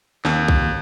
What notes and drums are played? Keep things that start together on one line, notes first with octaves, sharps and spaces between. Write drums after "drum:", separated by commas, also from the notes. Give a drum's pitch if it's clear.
D#2, drum: snare
drum: kick